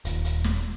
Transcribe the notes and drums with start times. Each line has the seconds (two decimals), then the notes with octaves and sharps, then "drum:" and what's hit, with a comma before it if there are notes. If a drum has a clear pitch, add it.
0.05 D#1, drum: hi-hat
0.25 drum: hi-hat
0.44 drum: snare